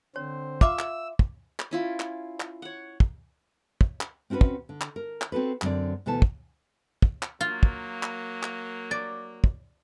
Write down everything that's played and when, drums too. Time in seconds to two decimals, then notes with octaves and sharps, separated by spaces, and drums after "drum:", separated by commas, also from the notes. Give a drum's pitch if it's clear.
0.16 D3 C4 C5 C#5
0.61 F4 E5 D6 E6, drum: kick
0.79 drum: clap
1.19 drum: kick
1.60 drum: clap
1.71 C#4 E4 F4
2.00 drum: clap
2.40 drum: clap
2.62 C#5 F#5
3.00 drum: kick
3.81 drum: kick
4.01 drum: clap
4.30 C4 C#4 F#4 A#4 B4
4.41 drum: kick
4.69 D3
4.81 drum: clap
4.96 A#4
5.21 drum: clap
5.32 C4 F#4 A4 B4
5.62 F#2 D3 C4 D5, drum: clap
6.06 D2 B2 E3 A4 A5
6.22 drum: kick
7.02 drum: kick
7.23 drum: clap
7.41 F#3 A#3 F4
7.63 drum: kick
8.03 drum: clap
8.43 drum: clap
8.91 D5
9.44 drum: kick